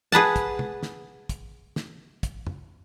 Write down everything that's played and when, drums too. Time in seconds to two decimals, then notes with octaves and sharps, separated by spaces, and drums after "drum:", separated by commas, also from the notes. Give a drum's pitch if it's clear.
0.12 G#4 B4 F#5 A5
0.36 drum: kick, hi-hat
0.59 drum: tom
0.83 drum: snare
1.29 drum: kick, hi-hat
1.76 drum: snare
2.23 drum: kick, hi-hat
2.47 drum: tom